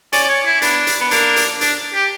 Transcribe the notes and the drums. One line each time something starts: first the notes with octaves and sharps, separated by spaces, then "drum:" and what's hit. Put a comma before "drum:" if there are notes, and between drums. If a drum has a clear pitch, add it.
C#4 D5, drum: hi-hat
D5
C#5
E4
B3 D4, drum: hi-hat
drum: hi-hat
B3
A#3 D4, drum: hi-hat
drum: hi-hat
D4, drum: hi-hat
G4